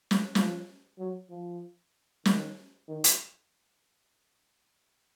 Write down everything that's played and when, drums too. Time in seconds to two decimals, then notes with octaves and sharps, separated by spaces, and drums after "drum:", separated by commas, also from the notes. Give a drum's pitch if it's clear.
0.11 drum: snare
0.35 F3, drum: snare
0.99 F#3
1.30 F3
2.25 D#3, drum: snare
2.88 D#3
3.04 drum: hi-hat